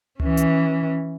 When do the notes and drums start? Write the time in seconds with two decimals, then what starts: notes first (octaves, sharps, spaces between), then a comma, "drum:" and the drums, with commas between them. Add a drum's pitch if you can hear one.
0.20 E3 C#4, drum: tom C#2
0.37 drum: hi-hat